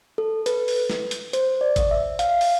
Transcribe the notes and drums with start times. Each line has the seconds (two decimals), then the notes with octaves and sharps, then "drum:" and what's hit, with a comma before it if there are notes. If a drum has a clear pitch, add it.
0.18 A4
0.46 B4, drum: hi-hat
0.68 drum: open hi-hat
0.90 drum: snare
1.11 drum: hi-hat
1.33 C5, drum: hi-hat
1.61 D5
1.76 drum: kick G#1, hi-hat
1.91 E5
2.19 F5, drum: hi-hat
2.41 drum: open hi-hat